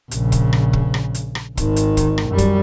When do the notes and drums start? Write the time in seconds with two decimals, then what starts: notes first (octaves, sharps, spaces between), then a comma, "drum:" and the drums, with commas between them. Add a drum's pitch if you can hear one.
0.11 A#1 C#3, drum: hi-hat
0.32 drum: kick, hi-hat
0.53 drum: rim click
0.73 drum: kick
0.94 drum: rim click
1.15 drum: hi-hat
1.35 drum: rim click
1.57 G#1 D#3, drum: kick, hi-hat
1.76 drum: hi-hat
1.97 drum: kick, hi-hat
2.18 drum: rim click
2.29 F#2 G3
2.38 drum: kick, hi-hat